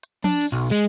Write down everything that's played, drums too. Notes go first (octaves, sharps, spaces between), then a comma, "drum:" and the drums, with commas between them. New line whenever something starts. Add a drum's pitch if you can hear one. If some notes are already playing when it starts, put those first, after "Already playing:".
drum: hi-hat
D4, drum: tom F3
drum: cymbal
B1
G#3